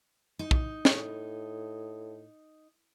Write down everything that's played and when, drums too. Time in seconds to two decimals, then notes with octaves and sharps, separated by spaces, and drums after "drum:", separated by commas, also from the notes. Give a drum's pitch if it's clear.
0.39 D#4
0.51 drum: kick
0.85 A2, drum: snare